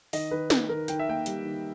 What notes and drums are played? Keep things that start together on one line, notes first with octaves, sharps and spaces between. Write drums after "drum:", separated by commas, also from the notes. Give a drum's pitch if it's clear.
D#3 D#5, drum: open hi-hat
D#3 B4
D#3, drum: snare
D#3 A#4
D#3 G5, drum: hi-hat
E5
A#3 G5
G3, drum: hi-hat
D#3